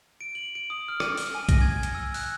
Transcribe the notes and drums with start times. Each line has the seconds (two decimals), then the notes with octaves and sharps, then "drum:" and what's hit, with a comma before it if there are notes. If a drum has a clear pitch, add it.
0.21 D7
0.35 F#7
0.55 D7
0.70 D#6
0.88 F6
1.00 D#7, drum: rim click
1.17 drum: open hi-hat
1.35 G#5
1.49 A#6, drum: kick A#1, hi-hat
1.61 G#6
1.83 drum: hi-hat
1.95 E6
2.14 F#6, drum: open hi-hat